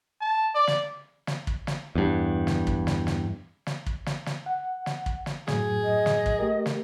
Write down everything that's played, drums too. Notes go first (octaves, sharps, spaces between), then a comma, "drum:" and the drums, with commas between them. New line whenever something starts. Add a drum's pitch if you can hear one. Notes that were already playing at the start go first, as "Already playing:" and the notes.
A5
D5
drum: snare
drum: snare
drum: kick
drum: snare
E2 G2
drum: snare
drum: kick
drum: snare
drum: snare
drum: snare
drum: kick
drum: snare
drum: snare
F#5
drum: snare
drum: kick
drum: snare
F#2 A2 F#3 G#4, drum: snare
D#5
drum: snare
drum: kick
A3 G4 A#4
drum: snare